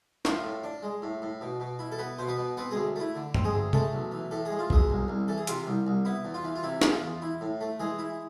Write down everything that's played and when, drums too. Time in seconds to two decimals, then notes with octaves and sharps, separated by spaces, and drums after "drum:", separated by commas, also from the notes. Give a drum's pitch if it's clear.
0.25 A2 F4 F5, drum: snare
0.44 A2
0.63 D4
0.83 G#3
1.02 A2
1.22 A2
1.41 B2
1.60 B2
1.79 E4
1.92 A4
1.98 B3 B4
2.18 B2 C5
2.28 B3 B4
2.38 B2
2.57 B3 C4 B4
2.71 D2 G#3 G#4
2.96 A3 E4
3.15 D3
3.34 C4, drum: tom G2
3.44 G#3 G#4
3.54 D2
3.73 G#3 A3 A4, drum: tom C3
3.93 B1
4.12 E3
4.31 A2 A4
4.45 G#3 G#4
4.59 F4
4.70 B1 G#3 G#4, drum: kick
4.90 C2
5.08 C2
5.28 E3 A4
5.38 G#4
5.47 C3 F4, drum: hi-hat
5.67 C2
5.87 C2
6.05 B3 E4
6.25 E2
6.34 F4
6.44 E3
6.56 F4
6.63 C3 E4
6.81 B3 G#4, drum: snare
6.92 F4
7.02 E2
7.22 E4
7.41 A2
7.61 A3
7.80 E3 G#3 G#4
7.99 E4